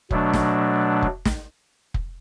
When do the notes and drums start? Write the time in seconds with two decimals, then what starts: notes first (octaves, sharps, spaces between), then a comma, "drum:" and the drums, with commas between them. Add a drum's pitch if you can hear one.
0.11 B2 F#3 A3 D4, drum: kick
0.33 drum: snare
1.02 drum: kick
1.25 drum: snare
1.94 drum: kick